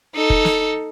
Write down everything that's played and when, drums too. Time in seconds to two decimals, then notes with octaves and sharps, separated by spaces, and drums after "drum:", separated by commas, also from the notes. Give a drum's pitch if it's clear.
0.15 D#4 A4
0.30 drum: kick F1
0.45 drum: snare